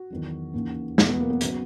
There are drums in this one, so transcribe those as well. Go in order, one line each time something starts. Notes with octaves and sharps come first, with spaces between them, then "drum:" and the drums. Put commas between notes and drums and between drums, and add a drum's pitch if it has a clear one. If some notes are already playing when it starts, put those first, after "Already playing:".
Already playing: F#4
E2 D#3 F#3
D#2 C#3 E3
E2 B2 F#3, drum: snare
B3
A#3
B3
C#3 F#3 B3, drum: hi-hat